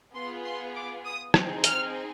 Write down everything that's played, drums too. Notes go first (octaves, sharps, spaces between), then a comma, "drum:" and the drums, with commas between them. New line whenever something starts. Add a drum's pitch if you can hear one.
B3 F4 G#4 C6
C6
D6
D#6
C4 D#4 G#4, drum: rim click
F6, drum: hi-hat